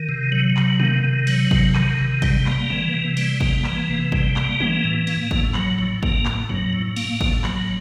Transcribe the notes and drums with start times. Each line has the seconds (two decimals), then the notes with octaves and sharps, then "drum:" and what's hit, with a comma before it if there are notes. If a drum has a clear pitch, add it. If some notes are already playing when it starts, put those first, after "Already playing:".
Already playing: D#3
0.09 C3
0.32 F#3
0.57 C3, drum: clap
0.80 D#3, drum: tom G#3
1.04 C3
1.27 F#3, drum: cymbal
1.51 C3, drum: kick
1.75 D#3, drum: clap
1.99 C3
2.22 G3, drum: kick, cymbal
2.46 A#3, drum: clap
2.70 E3, drum: tom C#3
2.94 C3
3.17 G3, drum: cymbal
3.41 A#3, drum: kick
3.64 E3, drum: clap
3.89 C3
4.12 G3, drum: kick
4.36 A#3, drum: clap
4.60 E3, drum: tom G#3
4.84 A2
5.07 A#3, drum: cymbal
5.31 A2, drum: kick
5.54 F#3, drum: clap
5.79 A2
6.03 A#3, drum: kick
6.25 A2, drum: clap
6.49 F#3, drum: tom E2
6.73 A2
6.96 A#3, drum: cymbal
7.21 A2, drum: kick
7.44 F#3, drum: clap